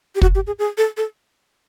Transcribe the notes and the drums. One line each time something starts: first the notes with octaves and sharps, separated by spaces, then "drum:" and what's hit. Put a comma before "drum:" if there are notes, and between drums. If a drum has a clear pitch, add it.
G4
F#4, drum: kick
G4
G#4
G#4
A4
A4